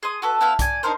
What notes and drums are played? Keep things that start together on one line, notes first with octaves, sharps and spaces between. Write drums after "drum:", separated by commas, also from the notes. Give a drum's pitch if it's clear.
G#4 C6 D#6
F#4 A4 B4
B3 E4 E5 F5
D5 G#5, drum: kick B1, hi-hat
D4 D#4 A#4 C5